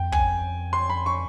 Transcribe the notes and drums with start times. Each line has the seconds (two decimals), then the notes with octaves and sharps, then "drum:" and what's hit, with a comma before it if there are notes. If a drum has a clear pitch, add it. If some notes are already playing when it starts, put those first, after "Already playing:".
Already playing: F2 G5
0.12 G#5, drum: kick
0.73 C6
0.90 B5
1.06 C#6